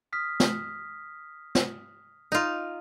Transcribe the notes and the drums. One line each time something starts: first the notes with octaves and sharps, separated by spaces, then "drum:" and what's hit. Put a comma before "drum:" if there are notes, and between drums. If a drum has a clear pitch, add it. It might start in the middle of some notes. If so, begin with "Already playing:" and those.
D#6 F6 B6
drum: snare
drum: snare
D#4 F4